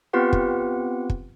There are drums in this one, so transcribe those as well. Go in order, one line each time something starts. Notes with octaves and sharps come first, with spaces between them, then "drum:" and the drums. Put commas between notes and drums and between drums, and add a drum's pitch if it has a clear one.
B3 C4 F4 G4 B4 F#5
drum: kick
drum: kick